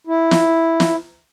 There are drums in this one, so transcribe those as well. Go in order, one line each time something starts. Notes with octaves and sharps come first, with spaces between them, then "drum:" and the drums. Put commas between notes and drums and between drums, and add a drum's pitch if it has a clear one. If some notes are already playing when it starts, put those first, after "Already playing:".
E4
drum: snare
drum: snare